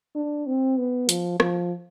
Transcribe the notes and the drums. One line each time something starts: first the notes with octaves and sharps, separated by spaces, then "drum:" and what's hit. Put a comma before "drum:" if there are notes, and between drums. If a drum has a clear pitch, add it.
D4
C4
B3
F3, drum: hi-hat
F3, drum: rim click